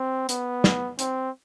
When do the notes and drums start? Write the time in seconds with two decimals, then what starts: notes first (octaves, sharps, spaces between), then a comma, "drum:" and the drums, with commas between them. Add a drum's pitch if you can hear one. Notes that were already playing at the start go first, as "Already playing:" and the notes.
Already playing: C4
0.29 B3, drum: hi-hat
0.64 drum: snare
0.99 C4, drum: hi-hat